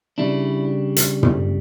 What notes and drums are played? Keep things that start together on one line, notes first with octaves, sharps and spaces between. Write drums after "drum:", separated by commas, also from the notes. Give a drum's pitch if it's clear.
C#3 G3 D4 E4
drum: hi-hat
drum: tom